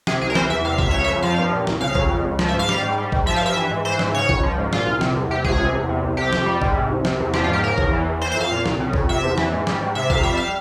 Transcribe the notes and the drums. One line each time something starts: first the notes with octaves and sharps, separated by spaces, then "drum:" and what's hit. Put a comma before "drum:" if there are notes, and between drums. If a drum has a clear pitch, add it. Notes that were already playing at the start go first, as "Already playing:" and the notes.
C3 G#4, drum: snare
C2 G#4
A#4
E3 C5, drum: snare
E2 E5
C3 F5
C#2 E5, drum: kick
C#3 C#5
E5
F2
F3 F5
G2
A#2
C2, drum: snare
C#3 F5
F2, drum: kick
C#3
C#2
F3, drum: snare
E5
G#2
F5
G3, drum: snare
G#2
G3
G#2, drum: kick
F3 E5
F5
G2 E5
E3
G#2
E3 C5
G#2, drum: snare
C#3 C#5
C#2, drum: kick
F3
G#2
A#2 F4, drum: snare
C2
C3, drum: snare
E2
C3 G4
C#2 G#4, drum: kick
C3
E2
C3
C2
C3 G4
F2, drum: snare
G3
G#2, drum: kick
C3
C2
C3, drum: snare
E2
F3 G4, drum: snare
F4
G#2
G4
C#3 A#4
E2, drum: kick
E3
E2
E3 C5
C5
F2
F5
A#2
C2, drum: snare
C#3
F2, drum: kick
C3 E5
E2
E3, drum: snare
G#2
G3, drum: snare
G#2
C3 E5
F2 F5, drum: kick
G3 E5
F5